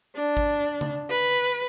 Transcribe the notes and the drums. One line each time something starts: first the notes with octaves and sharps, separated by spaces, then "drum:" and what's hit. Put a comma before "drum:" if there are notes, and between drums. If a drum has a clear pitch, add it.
D4
drum: kick G#1
drum: tom C#3
B4